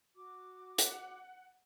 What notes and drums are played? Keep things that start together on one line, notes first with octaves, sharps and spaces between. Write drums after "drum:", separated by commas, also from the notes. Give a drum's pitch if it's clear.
F#4 D6
F#5, drum: hi-hat